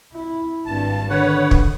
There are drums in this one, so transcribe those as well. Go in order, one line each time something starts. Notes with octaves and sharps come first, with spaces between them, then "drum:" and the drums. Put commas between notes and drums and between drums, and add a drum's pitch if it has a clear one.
E4
G#1 G2 A5
D3 D#3 B4 C#5 F#5
drum: kick